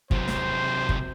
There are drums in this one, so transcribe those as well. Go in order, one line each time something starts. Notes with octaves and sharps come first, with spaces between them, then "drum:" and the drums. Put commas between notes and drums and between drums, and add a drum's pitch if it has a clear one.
C3 F#3 C5, drum: kick
drum: snare
drum: kick